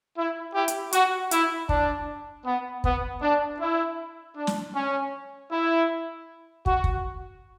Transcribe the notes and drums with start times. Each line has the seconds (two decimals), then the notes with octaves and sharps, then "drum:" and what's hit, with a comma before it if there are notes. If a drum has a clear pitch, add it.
0.17 E4
0.54 E4 G4
0.68 drum: hi-hat
0.93 F#4, drum: hi-hat
1.31 E4, drum: hi-hat
1.69 D4, drum: kick
2.46 B3
2.84 B3, drum: kick
3.22 D4
3.61 E4
4.37 D4
4.47 drum: snare
4.75 C#4
5.51 E4
6.66 F#4, drum: kick
6.84 drum: kick